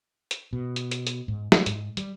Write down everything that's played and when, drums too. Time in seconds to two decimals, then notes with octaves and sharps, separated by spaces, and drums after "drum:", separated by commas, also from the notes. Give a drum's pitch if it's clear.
0.31 drum: hi-hat
0.53 B2
0.76 drum: hi-hat
0.91 drum: hi-hat
1.07 drum: hi-hat
1.28 G#2
1.52 F#3, drum: snare
1.66 G#2, drum: hi-hat
1.97 G3, drum: hi-hat